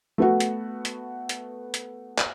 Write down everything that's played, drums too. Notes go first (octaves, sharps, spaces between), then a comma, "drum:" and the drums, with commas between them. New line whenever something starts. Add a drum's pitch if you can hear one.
A3 B3 F#4
drum: hi-hat
drum: hi-hat
drum: hi-hat
drum: hi-hat
drum: clap